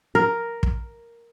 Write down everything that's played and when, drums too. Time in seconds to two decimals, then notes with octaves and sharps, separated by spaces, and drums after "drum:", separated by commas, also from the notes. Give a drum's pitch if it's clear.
0.15 A#4
0.63 drum: kick